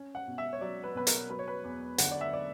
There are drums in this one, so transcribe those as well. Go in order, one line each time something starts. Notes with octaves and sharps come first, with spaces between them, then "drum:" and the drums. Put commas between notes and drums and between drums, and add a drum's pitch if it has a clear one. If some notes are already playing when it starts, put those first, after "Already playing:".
Already playing: C#4
F#5
B2
E5
C#5
F#3 D5
B4
B2 B4
A#4, drum: hi-hat
F#3 B4
C#5
B4
E2
D3 F#5, drum: hi-hat
D5
E5
D5